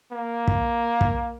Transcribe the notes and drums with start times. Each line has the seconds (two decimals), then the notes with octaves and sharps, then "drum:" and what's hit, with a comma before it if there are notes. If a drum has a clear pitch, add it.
0.12 A#3
0.48 drum: kick
1.01 drum: kick